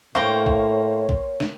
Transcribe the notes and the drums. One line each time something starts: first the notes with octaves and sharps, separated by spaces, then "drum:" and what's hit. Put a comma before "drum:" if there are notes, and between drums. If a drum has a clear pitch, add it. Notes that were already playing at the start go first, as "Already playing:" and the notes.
A2 A#3 C5 C#5 F5 G5 C#6
drum: kick A#1
drum: kick A#1
drum: snare